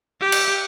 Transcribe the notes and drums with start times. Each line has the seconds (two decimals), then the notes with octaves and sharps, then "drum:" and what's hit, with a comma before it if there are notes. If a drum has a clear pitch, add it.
0.21 G4
0.32 drum: cymbal